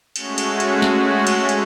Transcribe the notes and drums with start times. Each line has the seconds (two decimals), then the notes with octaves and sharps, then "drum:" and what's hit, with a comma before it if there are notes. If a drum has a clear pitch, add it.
0.16 G#3 A3 C#4 F#4, drum: cymbal
0.38 drum: cymbal
0.60 drum: cymbal
0.82 drum: snare
1.27 drum: cymbal
1.49 drum: cymbal